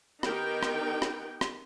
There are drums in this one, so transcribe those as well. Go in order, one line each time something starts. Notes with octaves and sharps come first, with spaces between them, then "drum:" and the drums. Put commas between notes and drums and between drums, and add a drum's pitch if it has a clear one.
D#3 B3 D#4 G4 A#4 G5, drum: rim click
drum: rim click
drum: rim click
drum: rim click